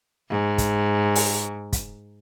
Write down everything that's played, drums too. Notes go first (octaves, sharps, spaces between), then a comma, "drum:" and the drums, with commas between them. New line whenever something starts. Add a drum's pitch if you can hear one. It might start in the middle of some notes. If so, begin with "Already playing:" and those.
G#2
drum: kick, hi-hat
drum: open hi-hat
drum: kick, hi-hat